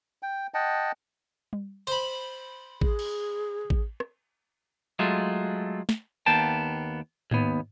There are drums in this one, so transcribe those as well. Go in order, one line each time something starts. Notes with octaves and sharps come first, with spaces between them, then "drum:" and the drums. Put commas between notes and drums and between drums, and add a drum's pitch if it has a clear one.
G5
D#5 F#5 G5 A5
drum: tom G3
C5 B5, drum: cymbal
G#4, drum: kick A1
drum: cymbal
drum: kick A1
drum: rim click
F#3 G#3 A3 F4
drum: snare
D#2 A#3 B3 G5 A5
D#2 B3, drum: tom G#2